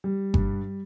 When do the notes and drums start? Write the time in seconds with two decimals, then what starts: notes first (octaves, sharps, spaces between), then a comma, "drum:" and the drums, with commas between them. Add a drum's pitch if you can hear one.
0.04 G3
0.34 G2, drum: kick G1